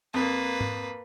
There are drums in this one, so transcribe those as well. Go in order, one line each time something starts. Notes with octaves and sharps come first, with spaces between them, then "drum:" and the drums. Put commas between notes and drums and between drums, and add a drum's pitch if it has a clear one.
F2 A#3 B4
drum: tom G#2